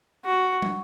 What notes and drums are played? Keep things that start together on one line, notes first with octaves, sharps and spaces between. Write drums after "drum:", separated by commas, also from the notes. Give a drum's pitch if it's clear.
F#4
drum: tom